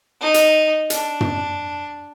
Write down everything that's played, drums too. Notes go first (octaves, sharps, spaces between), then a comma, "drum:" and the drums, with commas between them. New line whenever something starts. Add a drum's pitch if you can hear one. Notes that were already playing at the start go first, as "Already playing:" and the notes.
D#4
drum: hi-hat
D4, drum: hi-hat
drum: tom